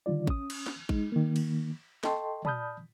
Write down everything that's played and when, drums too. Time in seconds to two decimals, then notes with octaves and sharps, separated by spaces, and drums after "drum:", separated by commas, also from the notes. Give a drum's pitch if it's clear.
0.06 D3 D#3 G3 F4 D5
0.27 C#4 D#6, drum: kick A1
0.50 drum: cymbal
0.66 drum: snare
0.89 G#3 D#4, drum: kick A1
1.12 D#3 A#3
1.36 drum: cymbal
2.04 A4 D#5 G5 A5 C6 C#6, drum: snare
2.45 D5 A5 B5 D#6 F6 G6, drum: tom